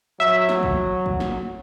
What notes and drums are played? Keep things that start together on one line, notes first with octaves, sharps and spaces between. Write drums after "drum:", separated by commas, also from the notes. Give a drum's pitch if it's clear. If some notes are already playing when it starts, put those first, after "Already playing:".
F#3 E5
drum: snare
drum: kick
drum: kick
drum: snare